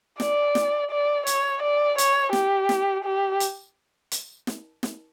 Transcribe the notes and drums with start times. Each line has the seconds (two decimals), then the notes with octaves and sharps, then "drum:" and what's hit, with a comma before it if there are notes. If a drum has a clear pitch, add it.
0.20 D5, drum: snare
0.55 drum: snare
0.91 D5
1.27 C#5, drum: hi-hat
1.62 D5
1.98 C#5, drum: hi-hat
2.33 G4, drum: snare
2.69 drum: snare
3.04 G4
3.40 drum: hi-hat
4.12 drum: hi-hat
4.47 drum: snare
4.83 drum: snare